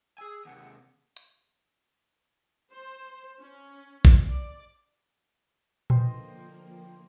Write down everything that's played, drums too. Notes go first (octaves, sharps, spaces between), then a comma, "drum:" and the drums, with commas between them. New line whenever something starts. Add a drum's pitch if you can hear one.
G#4 G#5 E6
D#2 C3 F#5
drum: hi-hat
C5
C#4
drum: kick A1
D5
D3 F3 A#3 B4 C5 D#5 G5 C6, drum: tom A#2